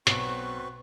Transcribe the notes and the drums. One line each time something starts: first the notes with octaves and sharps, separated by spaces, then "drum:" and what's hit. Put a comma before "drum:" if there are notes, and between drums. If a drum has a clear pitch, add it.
B1 C4 F#4 B4 C#6, drum: hi-hat